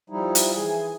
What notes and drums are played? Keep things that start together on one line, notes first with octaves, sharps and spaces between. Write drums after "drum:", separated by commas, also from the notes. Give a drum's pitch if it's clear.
F3 G3 D#4 E4
drum: hi-hat
E3 G#4